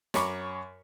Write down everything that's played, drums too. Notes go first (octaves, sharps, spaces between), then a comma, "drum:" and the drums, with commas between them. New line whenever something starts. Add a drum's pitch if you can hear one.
F#2 C#5 A#5 B5 C#6 D6, drum: snare